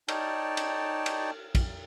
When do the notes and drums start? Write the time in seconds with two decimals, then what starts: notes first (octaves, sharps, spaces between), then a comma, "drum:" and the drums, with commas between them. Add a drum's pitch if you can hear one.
0.08 D#4 C#5 D5 G5 A5, drum: cymbal
0.57 drum: cymbal
1.06 drum: cymbal
1.55 drum: kick, cymbal